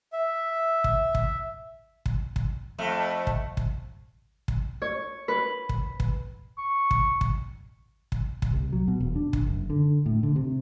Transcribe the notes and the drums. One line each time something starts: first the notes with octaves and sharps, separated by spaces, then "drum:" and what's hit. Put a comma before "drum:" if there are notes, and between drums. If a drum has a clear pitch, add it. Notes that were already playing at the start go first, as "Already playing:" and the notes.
E5
drum: kick
drum: kick
drum: kick
drum: kick
F2 A3
drum: kick
drum: kick
drum: kick
C#5
B4
drum: kick
drum: kick
C#6
drum: kick
drum: kick
drum: kick
drum: kick
C2
F#3
B2
E1
D4
drum: kick
F#1
D3
A2
D3
C3